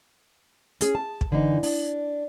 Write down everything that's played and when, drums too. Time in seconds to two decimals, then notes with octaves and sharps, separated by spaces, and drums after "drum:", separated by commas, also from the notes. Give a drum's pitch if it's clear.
0.81 C#4 G#4, drum: hi-hat
0.95 A5
1.21 drum: kick
1.31 F#2 D3 E3 D#4
1.63 D4, drum: open hi-hat